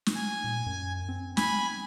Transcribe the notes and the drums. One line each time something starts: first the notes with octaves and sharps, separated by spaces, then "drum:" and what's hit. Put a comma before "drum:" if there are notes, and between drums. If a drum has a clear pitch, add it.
drum: snare
G#5
A#2
F#2
C4
C4 G#5 B5, drum: snare